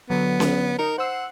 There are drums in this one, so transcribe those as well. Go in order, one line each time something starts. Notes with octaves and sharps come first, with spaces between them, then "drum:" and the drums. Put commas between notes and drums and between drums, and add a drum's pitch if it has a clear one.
D3 F#3 B3
drum: snare C#4
D#4 A#4 C#7
C5 F#5 E6 C7